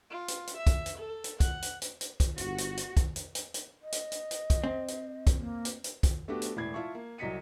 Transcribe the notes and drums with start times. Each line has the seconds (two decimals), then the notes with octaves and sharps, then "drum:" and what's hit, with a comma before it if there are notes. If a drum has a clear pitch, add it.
0.11 F4
0.28 drum: hi-hat
0.47 drum: hi-hat
0.57 E5
0.67 drum: kick, hi-hat
0.86 drum: hi-hat
0.99 A4
1.24 drum: hi-hat
1.40 F#5, drum: kick, hi-hat
1.62 drum: hi-hat
1.82 drum: hi-hat
2.01 drum: hi-hat
2.20 drum: kick, hi-hat
2.38 G1 F#4, drum: hi-hat
2.58 drum: hi-hat
2.77 drum: hi-hat
2.97 drum: kick, hi-hat
3.16 drum: hi-hat
3.35 drum: hi-hat
3.54 drum: hi-hat
3.81 D#5
3.92 drum: hi-hat
4.12 drum: hi-hat
4.31 drum: hi-hat
4.50 drum: kick, hi-hat
4.64 C4
4.88 drum: hi-hat
5.27 drum: kick, hi-hat
5.38 A#3
5.65 drum: hi-hat
5.84 drum: hi-hat
6.03 drum: kick, hi-hat
6.28 A3 B3 D4 F#4 G4
6.42 drum: hi-hat
6.57 E1 A2 D5 B5 G#6 C7
6.74 E4 F4 E5 A5 C#6
6.95 A#3
7.18 C2 F#3 D#5 B6 C#7 D#7